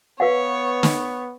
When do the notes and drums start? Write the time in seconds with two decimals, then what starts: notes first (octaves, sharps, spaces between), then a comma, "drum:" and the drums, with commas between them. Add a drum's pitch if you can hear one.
0.20 B3 B4 C#5 F5 F#5
0.83 drum: snare